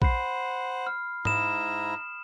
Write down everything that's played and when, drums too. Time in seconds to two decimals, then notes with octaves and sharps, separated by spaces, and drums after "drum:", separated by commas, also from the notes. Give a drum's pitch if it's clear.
0.02 C5 F#5 B5 C7, drum: kick A#1
0.87 F6
1.25 G#2 E4 A#5 D#6 E7, drum: tom G#2